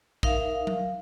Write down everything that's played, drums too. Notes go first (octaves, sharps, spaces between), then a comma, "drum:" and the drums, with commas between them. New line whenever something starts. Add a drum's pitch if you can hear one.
D#4 A#4 E5 F5, drum: kick
drum: tom F#3